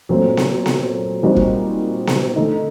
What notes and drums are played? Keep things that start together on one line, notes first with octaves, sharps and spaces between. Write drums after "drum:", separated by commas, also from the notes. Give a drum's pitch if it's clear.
A#2 F#3 A3 C4
drum: snare B3
drum: snare B3
A#2 G3 C4 D#4 F#4
drum: kick
drum: snare B3
D3 A3 D#4